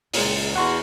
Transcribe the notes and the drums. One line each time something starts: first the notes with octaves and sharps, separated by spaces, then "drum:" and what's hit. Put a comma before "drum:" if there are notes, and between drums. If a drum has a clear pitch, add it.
C#2 A#2 G#3, drum: open hi-hat
E2 F#4 F#5 C6 C#6